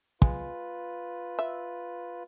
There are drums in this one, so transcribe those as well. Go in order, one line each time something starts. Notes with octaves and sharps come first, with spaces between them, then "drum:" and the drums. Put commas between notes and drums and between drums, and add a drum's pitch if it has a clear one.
G#3 F4 B4, drum: kick
E5